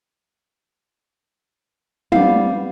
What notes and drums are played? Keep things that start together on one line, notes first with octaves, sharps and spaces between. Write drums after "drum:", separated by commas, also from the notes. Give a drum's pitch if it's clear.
G3 B3 C4 F5, drum: tom